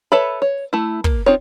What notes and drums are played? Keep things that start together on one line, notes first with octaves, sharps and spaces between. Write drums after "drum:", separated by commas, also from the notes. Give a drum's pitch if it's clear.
A4 B4 C#5 E5 B5
C#5
A3 E4
A#3, drum: kick
C4 D#4 F4 C#5